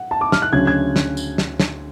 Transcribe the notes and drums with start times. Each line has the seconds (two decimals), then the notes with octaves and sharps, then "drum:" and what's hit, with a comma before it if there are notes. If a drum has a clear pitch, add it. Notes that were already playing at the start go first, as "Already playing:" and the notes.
Already playing: F#5
0.11 A5
0.21 D6
0.32 F6, drum: snare
0.42 F#6
0.53 D2 C#3 F#3 C#4 G#6
0.67 G#6
0.96 drum: snare
1.17 drum: tambourine
1.38 drum: snare
1.60 drum: snare